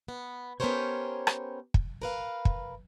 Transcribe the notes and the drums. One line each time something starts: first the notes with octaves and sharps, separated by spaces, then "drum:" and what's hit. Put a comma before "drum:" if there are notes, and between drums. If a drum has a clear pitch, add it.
B3
B3 C#4 G4 A#4 C5 C#5
drum: rim click
drum: kick
A#4 B4 F5
drum: kick